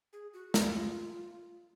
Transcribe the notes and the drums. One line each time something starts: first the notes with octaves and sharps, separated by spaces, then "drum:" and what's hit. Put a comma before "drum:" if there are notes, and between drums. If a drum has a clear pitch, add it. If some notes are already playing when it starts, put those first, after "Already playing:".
G#4
F#4
drum: snare
F4